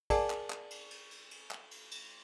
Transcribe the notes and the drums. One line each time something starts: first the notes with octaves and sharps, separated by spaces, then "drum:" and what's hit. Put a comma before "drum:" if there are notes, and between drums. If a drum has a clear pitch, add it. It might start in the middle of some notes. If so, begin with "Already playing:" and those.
G#4 A#4 D5 F#5 G#5 A5, drum: kick, cymbal
drum: clap
drum: clap
drum: cymbal
drum: cymbal
drum: cymbal
drum: cymbal
drum: clap
drum: cymbal
drum: cymbal